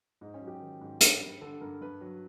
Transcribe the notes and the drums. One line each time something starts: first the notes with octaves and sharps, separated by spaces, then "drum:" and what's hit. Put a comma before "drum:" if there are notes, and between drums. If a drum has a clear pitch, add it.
G#2 D#4
C#4
F#3
G4
D#3
G#2
G2, drum: hi-hat
G3
D3 A4
G2 A#4
G2 B4
F#3